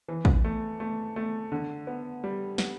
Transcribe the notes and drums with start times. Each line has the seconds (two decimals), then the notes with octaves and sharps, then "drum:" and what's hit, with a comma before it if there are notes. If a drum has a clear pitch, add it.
0.08 E3
0.25 drum: kick
0.44 A3
0.80 A3
1.16 A3
1.52 D3
1.87 B3
2.24 G3
2.58 B3, drum: snare